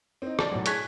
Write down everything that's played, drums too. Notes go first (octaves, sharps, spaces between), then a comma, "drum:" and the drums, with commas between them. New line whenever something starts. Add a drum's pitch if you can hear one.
C4 D#4
D5 A5, drum: rim click
B1 A2 F#3
G#4 C#6 F#6 G#6 B6, drum: hi-hat